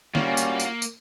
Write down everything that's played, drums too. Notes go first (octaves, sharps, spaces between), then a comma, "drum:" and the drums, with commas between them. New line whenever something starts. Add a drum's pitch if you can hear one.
G3 A#3 C#4 F4 F#4, drum: snare
drum: tambourine
drum: tambourine
drum: tambourine